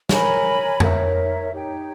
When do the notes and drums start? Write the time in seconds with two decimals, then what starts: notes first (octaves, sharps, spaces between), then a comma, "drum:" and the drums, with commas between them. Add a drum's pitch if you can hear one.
0.09 A#4 C#5 G#5 B5, drum: snare
0.80 D#4 A#4 C#5 E5, drum: tom F2
1.51 D#4 G4 C#5 G5